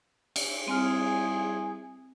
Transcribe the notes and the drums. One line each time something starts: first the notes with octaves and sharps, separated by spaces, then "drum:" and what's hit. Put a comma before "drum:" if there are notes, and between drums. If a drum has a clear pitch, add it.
drum: cymbal
G3 C4 E4 G#4 G#5 F6